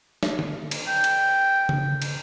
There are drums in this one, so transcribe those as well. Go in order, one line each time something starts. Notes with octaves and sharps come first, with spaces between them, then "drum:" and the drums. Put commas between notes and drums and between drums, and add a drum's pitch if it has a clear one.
drum: snare
drum: tom D3
drum: cymbal
G5
drum: cymbal
drum: tom C#3
drum: cymbal